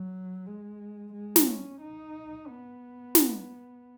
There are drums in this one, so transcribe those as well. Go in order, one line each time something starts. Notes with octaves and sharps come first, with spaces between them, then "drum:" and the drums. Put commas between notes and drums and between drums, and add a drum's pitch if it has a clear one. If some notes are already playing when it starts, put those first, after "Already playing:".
Already playing: F#3
G#3
G#3
drum: snare
C#4
D#4
B3
drum: snare